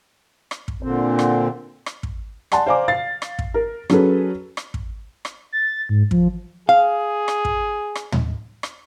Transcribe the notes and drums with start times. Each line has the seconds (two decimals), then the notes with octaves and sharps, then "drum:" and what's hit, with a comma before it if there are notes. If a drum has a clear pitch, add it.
0.51 drum: rim click
0.68 drum: kick
0.83 A#2 D3 C4
1.19 drum: rim click
1.86 drum: rim click
2.03 drum: kick
2.52 D5 F#5 G#5 A5 C6, drum: rim click
2.66 C5 D5 F5 G#5 A#5 D6
2.88 F5 A6 C7
3.22 drum: rim click
3.39 drum: kick
3.54 A#4
3.90 F#3 C#4 G#4 A4 B4, drum: rim click
4.57 drum: rim click
4.74 drum: kick
5.25 drum: rim click
5.53 A6
5.89 G#2
6.11 F3, drum: kick
6.69 G#4 F5
7.28 drum: rim click
7.45 drum: kick
7.95 drum: rim click
8.12 drum: tom
8.63 drum: rim click